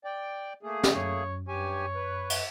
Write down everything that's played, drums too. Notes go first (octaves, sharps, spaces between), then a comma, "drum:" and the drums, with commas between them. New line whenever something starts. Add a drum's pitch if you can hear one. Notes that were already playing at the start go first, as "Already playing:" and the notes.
D5 G5
A3 A#3 G#4
drum: snare
F#2 C#5
G2 G4 C#5 G#5
B4
drum: cymbal